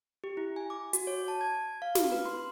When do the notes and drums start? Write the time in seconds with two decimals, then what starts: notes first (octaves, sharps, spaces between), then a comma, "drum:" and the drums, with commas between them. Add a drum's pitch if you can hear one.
0.24 G4
0.37 E4
0.56 G#5
0.70 D6
0.93 F#4, drum: hi-hat
1.07 C#5
1.28 A5
1.41 G#6
1.82 F5
1.95 drum: snare
2.12 B4
2.26 C6